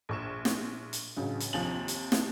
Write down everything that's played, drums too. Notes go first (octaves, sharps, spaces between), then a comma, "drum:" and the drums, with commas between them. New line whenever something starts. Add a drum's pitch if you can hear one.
A#1 C#6 E7
drum: snare
drum: hi-hat
A1 C#3 F#3
drum: hi-hat
D#2 C3 F3 G#5 F7 F#7
drum: hi-hat
drum: snare